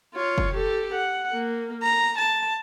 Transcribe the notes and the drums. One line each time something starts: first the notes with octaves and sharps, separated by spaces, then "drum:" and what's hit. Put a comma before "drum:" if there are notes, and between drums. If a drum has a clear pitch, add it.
F4 C#5
drum: kick
G4 A4
F#5
A#3
A#5
A5